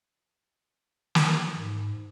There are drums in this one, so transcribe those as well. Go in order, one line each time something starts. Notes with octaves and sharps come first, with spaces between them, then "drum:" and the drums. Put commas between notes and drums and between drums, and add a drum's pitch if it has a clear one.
drum: snare
G#2